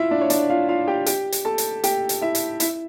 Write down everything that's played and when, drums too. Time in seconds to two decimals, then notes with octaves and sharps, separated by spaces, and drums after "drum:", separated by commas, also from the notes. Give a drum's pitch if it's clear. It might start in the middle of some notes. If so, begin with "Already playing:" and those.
Already playing: E4 F4 E5 F5
0.11 D4 D5
0.21 C#5
0.30 D4 D5, drum: hi-hat
0.49 F4 F5
0.69 F4 F5
0.88 G4 G5
1.06 G4 G5, drum: hi-hat
1.32 drum: hi-hat
1.45 A4 A5
1.58 drum: hi-hat
1.84 G4 G5, drum: hi-hat
2.09 drum: hi-hat
2.21 E4 E5
2.35 drum: hi-hat
2.60 E4 E5, drum: hi-hat